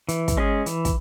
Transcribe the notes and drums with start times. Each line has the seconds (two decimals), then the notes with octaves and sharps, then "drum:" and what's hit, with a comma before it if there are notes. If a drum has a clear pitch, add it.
0.09 E3, drum: hi-hat
0.28 drum: kick, hi-hat
0.37 G#3 C#4 G#4
0.66 E3, drum: hi-hat
0.85 drum: kick, hi-hat